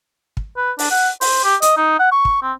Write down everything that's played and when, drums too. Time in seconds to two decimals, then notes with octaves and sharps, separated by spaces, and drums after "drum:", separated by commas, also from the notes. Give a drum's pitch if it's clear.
0.37 drum: kick
0.57 B4
0.79 D4, drum: open hi-hat
0.91 F#5
1.21 C5, drum: open hi-hat
1.44 G4
1.62 D#5, drum: hi-hat
1.77 D#4
1.99 F#5
2.12 C#6
2.25 drum: kick
2.43 C4